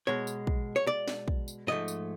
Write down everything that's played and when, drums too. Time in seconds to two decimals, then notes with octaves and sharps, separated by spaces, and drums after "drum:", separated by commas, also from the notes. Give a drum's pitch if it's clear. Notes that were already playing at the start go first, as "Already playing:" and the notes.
0.07 B2 G#3 C#5
0.27 drum: tambourine
0.47 drum: kick
0.76 C#5
0.87 D5
1.08 drum: snare
1.28 drum: kick
1.48 drum: tambourine
1.67 G#2 F3 A3 D#5
1.88 drum: tambourine